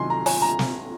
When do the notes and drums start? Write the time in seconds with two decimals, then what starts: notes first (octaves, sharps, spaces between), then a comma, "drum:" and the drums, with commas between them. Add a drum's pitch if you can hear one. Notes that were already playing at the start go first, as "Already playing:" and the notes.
Already playing: C2 C3 D#3 F#3 G#5 C6
0.10 A#5
0.26 G#5, drum: open hi-hat
0.42 A#5
0.59 drum: snare